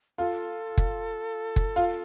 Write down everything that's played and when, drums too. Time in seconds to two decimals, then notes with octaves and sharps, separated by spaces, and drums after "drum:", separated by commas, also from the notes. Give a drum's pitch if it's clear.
0.18 F4 A4
0.78 drum: kick
1.56 drum: kick
1.76 F4